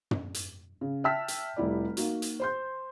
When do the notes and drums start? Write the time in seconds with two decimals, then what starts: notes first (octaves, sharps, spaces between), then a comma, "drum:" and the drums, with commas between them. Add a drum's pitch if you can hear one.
0.11 drum: tom
0.34 drum: hi-hat
0.81 C#3
1.04 E5 G5 A5 E6 F6 B6
1.28 drum: hi-hat
1.56 F1 G3 E4 D5
1.97 A#3 D#4 F#4, drum: hi-hat
2.22 drum: hi-hat
2.40 C5 C6 G6